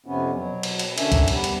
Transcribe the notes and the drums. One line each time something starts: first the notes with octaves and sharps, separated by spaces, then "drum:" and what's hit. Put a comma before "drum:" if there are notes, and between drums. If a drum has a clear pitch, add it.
F2 C3 B3 C#4
B2 F#3
drum: cymbal
drum: cymbal
D3 C#4 D4 A#4 E5 G#5, drum: cymbal
drum: kick C2, cymbal
G3 B3, drum: cymbal
drum: cymbal